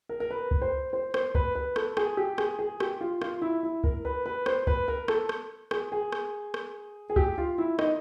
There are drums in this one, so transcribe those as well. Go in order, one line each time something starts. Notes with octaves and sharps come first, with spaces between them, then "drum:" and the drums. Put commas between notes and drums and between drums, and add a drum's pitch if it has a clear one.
A#4
A#4
B4
drum: kick
C5
C5
C5, drum: rim click
B4, drum: kick
B4
A4, drum: rim click
G#4, drum: rim click
G4
G#4, drum: rim click
G#4
G4, drum: rim click
F4
F4, drum: rim click
E4
E4
A#4, drum: kick
B4
B4
C5, drum: rim click
B4, drum: kick
A#4
A4, drum: rim click
drum: rim click
G#4, drum: rim click
G#4
drum: rim click
drum: rim click
G#4
G4, drum: kick
F4
E4
D#4, drum: rim click